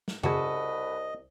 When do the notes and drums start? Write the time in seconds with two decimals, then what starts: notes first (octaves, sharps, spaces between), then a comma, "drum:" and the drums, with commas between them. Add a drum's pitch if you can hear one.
0.08 drum: snare
0.23 C2 C#3 F#4 G#4 A4 B4 D#5, drum: tom F#2